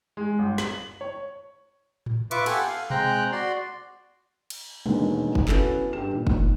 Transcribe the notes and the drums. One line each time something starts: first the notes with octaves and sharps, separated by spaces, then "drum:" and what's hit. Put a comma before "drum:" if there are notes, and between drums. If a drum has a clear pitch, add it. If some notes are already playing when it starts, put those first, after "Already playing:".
G#3
G1
F#7, drum: snare
C#5
drum: tom A2
F4 B4 E5 C#6 D6, drum: hi-hat
G4 A4 F#5 G#5, drum: cymbal
F5
G#3 C4 G5 A#5 F#6, drum: tom B2
F#4 D5 C6
drum: cymbal
E1 D#2 B2 D3 D#3, drum: tom G3
drum: kick
B3 C#4 E4 F#4 A4, drum: clap
G2 G4 E7
A#2 D#3
drum: kick